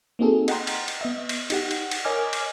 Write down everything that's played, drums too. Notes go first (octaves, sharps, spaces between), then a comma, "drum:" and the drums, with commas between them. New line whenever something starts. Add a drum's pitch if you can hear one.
A#3 C4 D#4 F#4 G#4 A4
D#5 F#5 G5 A#5 C6, drum: cymbal
drum: cymbal
drum: cymbal
B3 D#5 E5
drum: cymbal
D#4 G4 F#5, drum: cymbal
drum: cymbal
drum: cymbal
A#4 C#5 D#5 G#5 D6 F6
drum: cymbal